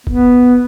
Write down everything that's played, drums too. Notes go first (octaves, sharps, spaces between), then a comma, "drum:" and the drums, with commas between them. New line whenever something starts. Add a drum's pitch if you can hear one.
B3, drum: kick